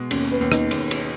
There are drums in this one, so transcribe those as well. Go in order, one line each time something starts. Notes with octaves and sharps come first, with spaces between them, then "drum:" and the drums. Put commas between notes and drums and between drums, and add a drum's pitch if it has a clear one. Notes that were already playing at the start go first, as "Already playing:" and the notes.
Already playing: B2 G#3
D#2 C#4, drum: cymbal
B3
D#2
D#4, drum: rim click
D#2, drum: cymbal
drum: cymbal